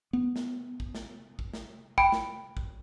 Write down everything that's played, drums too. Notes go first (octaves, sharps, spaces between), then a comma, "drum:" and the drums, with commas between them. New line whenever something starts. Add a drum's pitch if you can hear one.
B3
drum: snare
drum: kick
drum: snare
drum: kick
drum: snare
G5 B5 D7, drum: kick
drum: snare
drum: kick